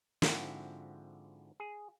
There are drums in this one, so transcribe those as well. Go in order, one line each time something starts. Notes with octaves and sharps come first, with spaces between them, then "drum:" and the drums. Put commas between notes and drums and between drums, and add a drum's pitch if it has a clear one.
G#2 D3 F3 C4 E4 F#4, drum: snare
G#4